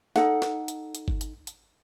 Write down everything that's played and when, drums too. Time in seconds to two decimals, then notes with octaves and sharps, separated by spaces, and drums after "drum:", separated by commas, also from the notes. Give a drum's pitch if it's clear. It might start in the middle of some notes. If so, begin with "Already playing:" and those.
0.16 D#4 A4 F#5, drum: snare
0.42 drum: snare
0.68 drum: hi-hat
0.95 drum: hi-hat
1.08 drum: kick G1
1.21 drum: hi-hat
1.47 drum: hi-hat